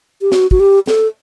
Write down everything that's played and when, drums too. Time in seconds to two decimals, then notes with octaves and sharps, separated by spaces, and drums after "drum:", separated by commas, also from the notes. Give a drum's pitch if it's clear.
0.22 G4
0.32 F#4, drum: snare
0.51 F#4, drum: kick
0.60 G4
0.87 A4, drum: snare